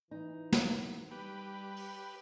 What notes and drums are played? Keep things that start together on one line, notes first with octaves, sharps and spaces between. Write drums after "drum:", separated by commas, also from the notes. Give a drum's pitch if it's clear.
E3 D#4
drum: snare
G3 G4 B4
drum: open hi-hat